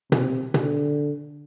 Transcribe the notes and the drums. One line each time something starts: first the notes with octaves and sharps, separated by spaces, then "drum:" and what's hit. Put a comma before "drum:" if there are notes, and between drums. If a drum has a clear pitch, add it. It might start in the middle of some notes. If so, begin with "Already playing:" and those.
C3, drum: tom B2
D3, drum: tom B2